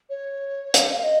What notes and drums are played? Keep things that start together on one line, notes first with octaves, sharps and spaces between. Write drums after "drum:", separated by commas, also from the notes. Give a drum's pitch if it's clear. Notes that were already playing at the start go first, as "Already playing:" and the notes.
C#5
drum: hi-hat
F5
D#5